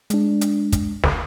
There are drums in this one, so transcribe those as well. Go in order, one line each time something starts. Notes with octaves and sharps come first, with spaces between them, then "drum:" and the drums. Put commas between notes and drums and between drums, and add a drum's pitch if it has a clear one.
G#3 D4, drum: hi-hat
drum: hi-hat
drum: kick, hi-hat
drum: snare